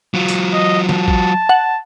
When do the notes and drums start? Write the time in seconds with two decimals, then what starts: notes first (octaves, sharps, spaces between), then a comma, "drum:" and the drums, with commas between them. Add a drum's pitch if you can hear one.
0.14 F#3 F4
0.28 drum: hi-hat
0.53 D#5
0.89 A5, drum: snare
1.08 drum: kick
1.49 F#5